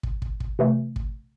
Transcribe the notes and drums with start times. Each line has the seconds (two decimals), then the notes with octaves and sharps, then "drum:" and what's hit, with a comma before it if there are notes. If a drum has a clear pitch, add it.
0.03 drum: kick
0.22 drum: kick
0.40 drum: kick
0.59 C3 E3 A3
0.96 drum: kick